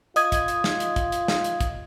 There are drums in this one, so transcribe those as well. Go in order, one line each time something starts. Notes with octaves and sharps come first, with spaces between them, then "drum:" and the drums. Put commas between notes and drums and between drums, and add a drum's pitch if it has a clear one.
F4 D#5 D#6 G#6, drum: hi-hat
drum: kick, hi-hat
drum: hi-hat
drum: snare
drum: hi-hat
drum: kick, hi-hat
drum: hi-hat
drum: snare
drum: hi-hat
drum: kick, hi-hat